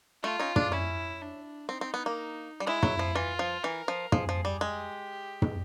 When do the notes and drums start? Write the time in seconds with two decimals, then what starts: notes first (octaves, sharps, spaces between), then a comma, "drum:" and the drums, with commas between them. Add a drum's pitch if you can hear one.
0.23 A3 F4
0.40 C#4 D#4
0.56 D4, drum: tom
0.72 C#4 E4
1.21 D4
1.69 C4 D#4
1.81 C4
1.94 B3
2.06 A#3
2.60 G3
2.67 G#3 E4
2.83 F#3, drum: tom
2.99 F3
3.15 E3 F4
3.39 F3
3.64 E3 A#4
3.88 F3
4.12 F3 G#4, drum: tom
4.29 F3
4.45 G3
4.61 G#3 G4
5.42 drum: tom